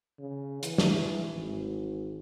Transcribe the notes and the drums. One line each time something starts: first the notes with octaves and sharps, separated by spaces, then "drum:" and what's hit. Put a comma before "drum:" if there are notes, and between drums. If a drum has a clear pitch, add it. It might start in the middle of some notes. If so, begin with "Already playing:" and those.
C#3
E3, drum: hi-hat
drum: snare
G#1